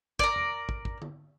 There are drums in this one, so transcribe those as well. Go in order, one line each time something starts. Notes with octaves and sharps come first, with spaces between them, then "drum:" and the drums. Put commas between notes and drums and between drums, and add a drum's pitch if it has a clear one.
A#4 D5, drum: kick
drum: tom E2
drum: kick
drum: kick
drum: tom D3